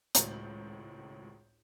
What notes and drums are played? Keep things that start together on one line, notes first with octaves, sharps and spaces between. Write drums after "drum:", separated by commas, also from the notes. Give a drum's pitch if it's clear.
G#1 C#2 A2 F#3 G6 F#7, drum: hi-hat